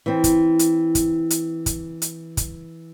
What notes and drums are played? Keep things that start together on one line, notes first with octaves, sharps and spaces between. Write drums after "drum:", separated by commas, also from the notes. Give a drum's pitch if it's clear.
E3 C4
drum: kick, hi-hat
drum: hi-hat
drum: kick, hi-hat
drum: hi-hat
drum: kick, hi-hat
drum: hi-hat
drum: kick, hi-hat